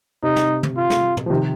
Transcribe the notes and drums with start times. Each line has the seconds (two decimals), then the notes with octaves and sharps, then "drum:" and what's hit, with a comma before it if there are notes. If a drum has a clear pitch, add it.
0.23 C3 D#4
0.36 drum: snare
0.63 drum: tom
0.77 F4
0.90 drum: snare
1.17 drum: tom
1.26 F3
1.30 C3 D#3